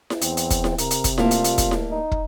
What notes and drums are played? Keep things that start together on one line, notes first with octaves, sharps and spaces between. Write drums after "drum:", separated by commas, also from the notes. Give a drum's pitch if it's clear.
drum: snare E4
E2 C4, drum: hi-hat
drum: hi-hat
drum: kick, hi-hat
drum: snare E4
C3 A#4, drum: hi-hat
drum: hi-hat
drum: kick, hi-hat
G3 A3 A#3 F4, drum: snare E4
drum: hi-hat
drum: hi-hat
drum: kick, hi-hat
drum: snare E4
D#4
drum: kick